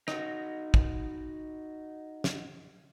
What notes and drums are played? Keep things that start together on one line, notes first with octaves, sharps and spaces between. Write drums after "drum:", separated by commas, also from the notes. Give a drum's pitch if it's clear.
D#4 F#4, drum: rim click
drum: kick
drum: snare